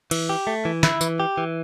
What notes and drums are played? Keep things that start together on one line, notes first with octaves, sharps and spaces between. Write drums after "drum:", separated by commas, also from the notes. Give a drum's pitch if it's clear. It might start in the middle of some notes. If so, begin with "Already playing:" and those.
E3, drum: cymbal
G4
A3
E3
E4, drum: snare
E3, drum: tambourine
G4
E3